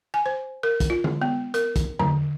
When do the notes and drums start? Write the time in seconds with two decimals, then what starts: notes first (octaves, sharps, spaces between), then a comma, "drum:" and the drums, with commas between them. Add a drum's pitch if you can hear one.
0.14 G#5
0.26 C5
0.63 A#4
0.80 drum: kick, hi-hat
0.90 F4
1.04 drum: tom D3
1.22 B3
1.54 A#4, drum: hi-hat
1.76 drum: kick, hi-hat
1.99 D3, drum: tom